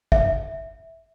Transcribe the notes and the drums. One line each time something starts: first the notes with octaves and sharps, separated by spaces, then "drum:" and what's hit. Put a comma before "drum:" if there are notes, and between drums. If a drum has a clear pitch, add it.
E5, drum: kick